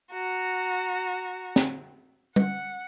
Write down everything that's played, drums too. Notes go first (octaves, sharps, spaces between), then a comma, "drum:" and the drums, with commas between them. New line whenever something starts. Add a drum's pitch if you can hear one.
F#4 A#5
drum: snare
F#5, drum: tom